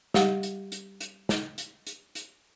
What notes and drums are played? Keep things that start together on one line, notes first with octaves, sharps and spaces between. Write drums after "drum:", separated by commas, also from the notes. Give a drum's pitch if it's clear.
G3 G4 F5 F#5, drum: snare
drum: hi-hat
drum: hi-hat
drum: hi-hat
drum: snare
drum: hi-hat
drum: hi-hat
drum: hi-hat